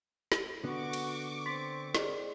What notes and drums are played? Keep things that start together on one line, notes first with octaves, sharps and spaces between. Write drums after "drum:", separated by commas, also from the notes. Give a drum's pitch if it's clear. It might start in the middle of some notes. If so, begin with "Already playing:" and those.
drum: snare
D3 B3 F#4 C#6 D6
drum: cymbal
C4 C6 A6 B6
G#4 A#4 D5 D#5 A#5, drum: snare